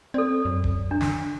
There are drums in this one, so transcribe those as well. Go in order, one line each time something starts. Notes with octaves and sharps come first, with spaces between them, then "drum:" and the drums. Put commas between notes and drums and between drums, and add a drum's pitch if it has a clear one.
C4 A4 D5
F#2
drum: kick
D4
drum: snare